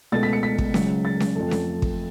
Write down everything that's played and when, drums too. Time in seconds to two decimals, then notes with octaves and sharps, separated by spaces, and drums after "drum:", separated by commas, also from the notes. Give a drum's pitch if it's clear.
0.12 C#2 B2 A3 A6
0.23 B6
0.33 C#7
0.43 B6
0.58 drum: kick
0.74 C#2 C#3 F#3, drum: snare C#4
1.05 A6
1.20 drum: snare C#4
1.35 F2 F3 A3
1.51 drum: snare C#4
1.82 drum: kick